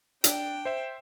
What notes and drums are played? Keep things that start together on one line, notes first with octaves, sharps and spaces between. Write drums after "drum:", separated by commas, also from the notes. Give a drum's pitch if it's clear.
D4 G5, drum: hi-hat
C5 E5 E7